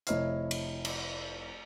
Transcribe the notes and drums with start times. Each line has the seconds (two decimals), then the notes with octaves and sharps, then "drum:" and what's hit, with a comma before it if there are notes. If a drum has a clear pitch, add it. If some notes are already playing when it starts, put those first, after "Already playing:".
0.07 F1 E4 C#5 D#5 F6 C7, drum: hi-hat
0.51 drum: cymbal
0.85 drum: cymbal